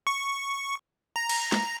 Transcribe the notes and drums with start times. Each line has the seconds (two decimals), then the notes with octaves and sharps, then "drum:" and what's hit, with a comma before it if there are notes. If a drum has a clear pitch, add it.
0.07 C#6
1.16 A#5
1.29 drum: cymbal
1.52 drum: snare